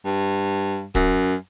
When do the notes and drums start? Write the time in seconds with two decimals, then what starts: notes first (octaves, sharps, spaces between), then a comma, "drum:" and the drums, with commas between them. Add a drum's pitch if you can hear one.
0.05 G2
0.95 F#2, drum: kick